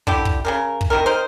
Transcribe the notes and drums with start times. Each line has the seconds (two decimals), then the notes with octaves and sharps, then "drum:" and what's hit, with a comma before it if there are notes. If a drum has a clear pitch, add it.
0.07 D3 E4 G4, drum: kick
0.25 drum: kick
0.45 C#3 F3 A#4
0.81 drum: kick
0.90 C3 D#3 E4 A#4
1.06 D#4 A#4 C5